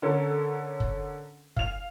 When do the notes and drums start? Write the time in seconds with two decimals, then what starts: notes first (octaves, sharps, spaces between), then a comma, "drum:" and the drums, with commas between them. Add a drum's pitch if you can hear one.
0.02 D3 C#4 A4 A#4
0.80 drum: kick F#1
1.56 F5 F7, drum: kick F#1